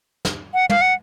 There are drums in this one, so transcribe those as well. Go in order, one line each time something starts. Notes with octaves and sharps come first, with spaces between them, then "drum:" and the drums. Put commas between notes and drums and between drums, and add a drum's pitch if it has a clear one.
drum: snare
F#5
F5, drum: tom
F#5